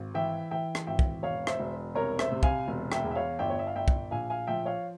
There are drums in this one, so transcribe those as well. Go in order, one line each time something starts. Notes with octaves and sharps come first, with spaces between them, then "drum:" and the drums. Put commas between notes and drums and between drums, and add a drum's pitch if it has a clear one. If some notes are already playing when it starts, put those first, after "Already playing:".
Already playing: G#1
E3 E5 G5
E3 E5 G5
drum: rim click
G#1 E5 G5
drum: kick
E1 C#5 F5
C5 E5, drum: rim click
E1
C2 A#4 C#5
C5 E5, drum: rim click
C3
F5 G#5, drum: kick
E1
E5 G5, drum: rim click
E2
E5
C#5 F5
G1 E5 G5
C#5
E5
F5
G1 E5 G5
drum: kick
A#1 F5 G#5
F5 G#5
F3 E5 G5
C#5 F5